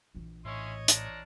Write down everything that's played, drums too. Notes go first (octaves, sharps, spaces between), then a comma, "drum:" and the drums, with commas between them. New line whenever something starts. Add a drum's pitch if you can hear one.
A#1 E3
A2 C#4 E4 C#5 D#5 C6
D4 F4 A#5, drum: hi-hat